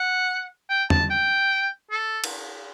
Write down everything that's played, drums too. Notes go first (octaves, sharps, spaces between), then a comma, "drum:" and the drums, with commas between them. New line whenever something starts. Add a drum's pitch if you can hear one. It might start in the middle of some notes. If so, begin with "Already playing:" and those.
Already playing: F#5
G5
A5, drum: tom E2
G5
A4
drum: cymbal